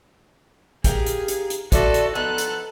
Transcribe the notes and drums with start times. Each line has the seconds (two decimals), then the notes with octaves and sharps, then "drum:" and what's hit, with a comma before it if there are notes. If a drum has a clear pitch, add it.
0.84 G4 G#4 A#4 F5, drum: kick, hi-hat
1.06 drum: hi-hat
1.28 drum: hi-hat
1.50 drum: hi-hat
1.72 F3 A3 F#4 A4 D5, drum: kick, hi-hat
1.94 drum: hi-hat
2.15 F3 B3 D#4 A4 F#6
2.38 drum: hi-hat